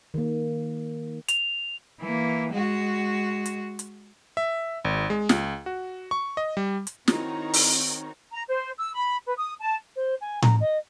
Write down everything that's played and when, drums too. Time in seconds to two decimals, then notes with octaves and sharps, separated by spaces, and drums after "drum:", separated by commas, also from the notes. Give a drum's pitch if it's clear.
0.14 D#3 A#3
1.28 F7, drum: hi-hat
2.00 E3 A#3
2.51 G#3 F#4
3.46 drum: hi-hat
3.79 drum: hi-hat
4.37 E5
4.85 G#1
5.10 G#3
5.29 C#2, drum: snare
5.66 F#4
6.11 C#6
6.37 D#5
6.57 G3
6.87 drum: hi-hat
7.08 D#3 C4 D#4 E4 F#4 C#5 A#5, drum: snare
7.53 drum: open hi-hat
8.33 A#5
8.47 C5
8.78 E6
8.95 B5
9.25 B4
9.38 D#6
9.60 A5
9.96 C5
10.21 G#5
10.42 A#5, drum: tom A2
10.60 D#5